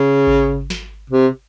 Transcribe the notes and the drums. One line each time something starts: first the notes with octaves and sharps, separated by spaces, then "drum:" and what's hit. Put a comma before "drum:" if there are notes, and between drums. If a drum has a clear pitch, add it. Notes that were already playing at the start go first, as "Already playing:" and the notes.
Already playing: C#3
drum: kick G#1
drum: snare
C3